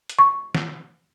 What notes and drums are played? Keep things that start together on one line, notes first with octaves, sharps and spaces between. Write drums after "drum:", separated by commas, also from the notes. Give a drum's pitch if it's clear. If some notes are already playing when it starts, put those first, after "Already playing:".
drum: hi-hat
C#6
drum: snare